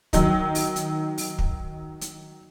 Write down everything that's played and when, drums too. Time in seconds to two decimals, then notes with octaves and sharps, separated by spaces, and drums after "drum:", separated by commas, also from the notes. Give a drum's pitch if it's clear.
0.13 D#3 F#3 D#4, drum: kick, hi-hat
0.55 drum: open hi-hat
0.76 drum: hi-hat
1.18 drum: open hi-hat
1.39 drum: kick
2.01 drum: hi-hat